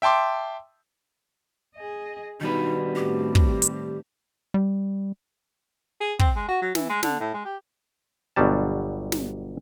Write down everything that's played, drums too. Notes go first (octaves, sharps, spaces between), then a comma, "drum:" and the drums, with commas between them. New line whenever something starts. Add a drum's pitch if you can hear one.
E5 G5 A5 C6 D6
G#4 D#5
B2 D#3 G3 B3 D4 D#4 F#4 B4
A2 C4 G4
drum: kick
drum: hi-hat
G3
G#4
C4, drum: kick
G#3
F#4
F#3
E3, drum: snare
G#3
D3, drum: snare
A2
G#3
G4
G1 B2 F#3 G3 A5
drum: snare